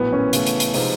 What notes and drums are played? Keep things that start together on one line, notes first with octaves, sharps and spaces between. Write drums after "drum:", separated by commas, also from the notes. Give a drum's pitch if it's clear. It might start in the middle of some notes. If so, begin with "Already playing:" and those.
Already playing: A#1 A2 F#3 B3
C#4
C#3 E3 A3, drum: hi-hat
drum: hi-hat
drum: hi-hat
C3 F3 G#3 B3 D#4, drum: open hi-hat